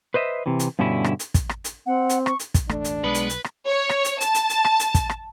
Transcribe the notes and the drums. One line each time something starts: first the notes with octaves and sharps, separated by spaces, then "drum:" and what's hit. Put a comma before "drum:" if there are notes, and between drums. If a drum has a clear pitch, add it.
B4 C5 D#5 E5
C3 E3
drum: hi-hat
G2 B2 D3 C#4 E4
drum: rim click
drum: hi-hat
drum: kick, hi-hat
drum: rim click
drum: hi-hat
C4 F#5
drum: hi-hat
C#6, drum: rim click
drum: hi-hat
drum: kick, hi-hat
E1 A1 A3 D4, drum: rim click
drum: hi-hat
B1 G#3 B3 B4
drum: hi-hat
drum: hi-hat
drum: rim click
C#5
drum: rim click
drum: hi-hat
A5, drum: hi-hat
drum: hi-hat
drum: hi-hat
drum: rim click
drum: hi-hat
drum: kick, hi-hat
drum: rim click